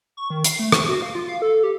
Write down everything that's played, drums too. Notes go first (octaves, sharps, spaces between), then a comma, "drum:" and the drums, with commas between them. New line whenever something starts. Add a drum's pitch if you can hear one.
C#6
D#3
C7, drum: hi-hat
A3
C#6, drum: rim click
F#4
F5
F4
F5
A4
G4